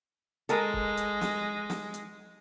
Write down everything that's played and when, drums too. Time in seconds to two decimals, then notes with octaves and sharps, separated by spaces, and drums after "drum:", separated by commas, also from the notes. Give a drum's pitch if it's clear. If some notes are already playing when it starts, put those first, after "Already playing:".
0.49 G#3 A4 A#4, drum: hi-hat
0.73 drum: kick
0.97 drum: hi-hat
1.21 drum: snare
1.70 drum: snare
1.94 drum: hi-hat